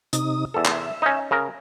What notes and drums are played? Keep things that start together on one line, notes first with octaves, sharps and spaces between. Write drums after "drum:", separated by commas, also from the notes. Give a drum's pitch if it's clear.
C3 D#4 D#6, drum: hi-hat
E2 A4 E5
drum: clap
C#4 D#4
C#3 A#4